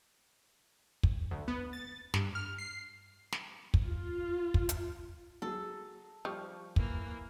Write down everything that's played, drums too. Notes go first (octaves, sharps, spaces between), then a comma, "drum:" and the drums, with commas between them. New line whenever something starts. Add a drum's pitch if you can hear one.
drum: kick
D2
B3
A6
G2, drum: snare
F6
C7
drum: snare
drum: kick
F4
drum: kick
drum: hi-hat
F#3 G#4 A4
F3 G3 C#6
E3 A#3, drum: kick